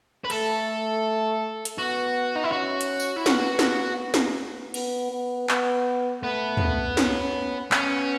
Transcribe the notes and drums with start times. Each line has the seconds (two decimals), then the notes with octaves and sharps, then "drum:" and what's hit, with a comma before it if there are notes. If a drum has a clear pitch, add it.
0.24 B4
0.30 A3 A4, drum: cymbal
1.65 drum: hi-hat
1.78 B3 F#4
2.36 D#4
2.44 E4
2.52 C#4 F#4
2.81 drum: hi-hat
3.00 drum: tambourine
3.16 E4
3.26 B3 F#4, drum: snare
3.59 drum: snare
4.14 drum: snare
4.74 B3, drum: cymbal
5.11 B3
5.49 B3, drum: clap
6.22 A3 B3
6.57 drum: tom
6.97 C#4, drum: snare
7.72 B3 C#4, drum: clap